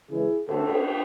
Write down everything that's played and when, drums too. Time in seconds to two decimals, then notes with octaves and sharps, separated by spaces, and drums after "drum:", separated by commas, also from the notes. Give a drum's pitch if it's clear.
0.11 C#3 E3 G#3 E4 G#4
0.49 D3 A3 F#4 A4, drum: cymbal
0.70 drum: cymbal